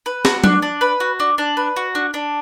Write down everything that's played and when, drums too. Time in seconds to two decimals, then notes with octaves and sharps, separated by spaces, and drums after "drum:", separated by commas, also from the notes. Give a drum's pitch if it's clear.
0.06 B4
0.25 F#4, drum: snare
0.44 D4, drum: tom F#3
0.62 D4
0.81 B4
1.00 F#4
1.20 D4
1.38 D4
1.57 B4
1.76 F#4
1.95 D4
2.14 D4